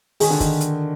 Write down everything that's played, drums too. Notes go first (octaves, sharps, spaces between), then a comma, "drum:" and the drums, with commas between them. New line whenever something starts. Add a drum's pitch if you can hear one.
D#3 G#4, drum: open hi-hat
D3
D#3, drum: kick, hi-hat
drum: hi-hat